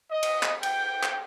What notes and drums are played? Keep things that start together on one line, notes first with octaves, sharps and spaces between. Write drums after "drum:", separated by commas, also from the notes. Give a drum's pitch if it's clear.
D#5
drum: cymbal
drum: clap
G5, drum: cymbal
drum: clap